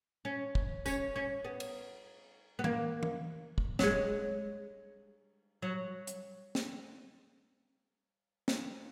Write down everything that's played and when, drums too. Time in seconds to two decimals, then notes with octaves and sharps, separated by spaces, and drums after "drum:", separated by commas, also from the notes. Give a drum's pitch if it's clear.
0.25 C#4
0.55 drum: kick
0.86 C#4, drum: tambourine
1.16 C#4
1.45 B3
1.60 drum: cymbal
2.59 B3
2.64 A#3, drum: tom
3.03 drum: tom
3.58 drum: kick
3.79 F#3, drum: snare
3.83 G#3
5.62 F#3
6.07 drum: hi-hat
6.55 drum: snare
8.48 drum: snare